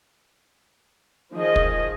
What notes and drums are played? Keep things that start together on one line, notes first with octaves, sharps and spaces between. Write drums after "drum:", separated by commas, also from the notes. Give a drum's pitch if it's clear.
D#3 F3 G#4 D#5
drum: kick